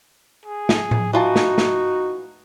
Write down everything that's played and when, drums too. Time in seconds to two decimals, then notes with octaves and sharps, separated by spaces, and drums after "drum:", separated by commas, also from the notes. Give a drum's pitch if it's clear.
0.46 G#4
0.69 drum: snare
0.91 drum: tom A2
1.13 E3 D#4 F4 F#4 A5
1.36 drum: snare
1.58 drum: snare